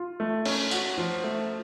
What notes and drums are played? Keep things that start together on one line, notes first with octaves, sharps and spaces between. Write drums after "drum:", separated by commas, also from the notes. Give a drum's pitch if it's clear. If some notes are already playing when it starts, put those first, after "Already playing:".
Already playing: F4
A3
C#4, drum: cymbal
F#4, drum: tambourine
F3
A3